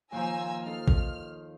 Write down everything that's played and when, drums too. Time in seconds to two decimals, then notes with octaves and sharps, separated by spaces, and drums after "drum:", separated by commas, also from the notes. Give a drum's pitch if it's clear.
0.12 D#2 A#2 F3 G#5 A#5 E6
0.65 D#4 F4 A4 F6
0.88 drum: kick